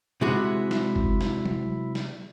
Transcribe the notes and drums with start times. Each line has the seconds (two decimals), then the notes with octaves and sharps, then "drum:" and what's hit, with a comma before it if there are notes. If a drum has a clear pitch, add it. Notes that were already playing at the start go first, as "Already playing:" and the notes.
0.21 C3 G#3 E4 F#4 G#4
0.71 drum: snare
0.96 drum: kick F#1
1.21 drum: snare
1.46 drum: tom F#3
1.95 drum: snare